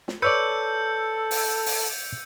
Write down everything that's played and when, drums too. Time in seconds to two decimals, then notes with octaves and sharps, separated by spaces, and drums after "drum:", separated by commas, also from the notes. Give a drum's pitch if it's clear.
0.08 drum: snare
0.22 A4 B4 C#5 D5 E6 G6 C#7
1.31 drum: open hi-hat
1.66 drum: open hi-hat